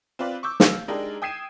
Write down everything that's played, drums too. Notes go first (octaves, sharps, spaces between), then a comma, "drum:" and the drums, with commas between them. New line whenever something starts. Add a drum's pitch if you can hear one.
C4 F4 B4 D5
C#6 D6 E6 G6
F5, drum: snare
G#3 D4 D#4 G4 A#4
G5 D#6 G#6 C7 D#7 E7